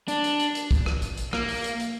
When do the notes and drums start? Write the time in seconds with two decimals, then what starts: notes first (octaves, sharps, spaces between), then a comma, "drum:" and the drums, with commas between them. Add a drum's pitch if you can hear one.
0.08 D4, drum: hi-hat
0.24 drum: hi-hat
0.40 drum: hi-hat
0.55 drum: hi-hat
0.71 drum: kick, hi-hat
0.86 drum: rim click
1.02 drum: hi-hat
1.17 drum: hi-hat
1.33 A#3, drum: rim click
1.49 drum: open hi-hat
1.64 drum: hi-hat
1.80 drum: hi-hat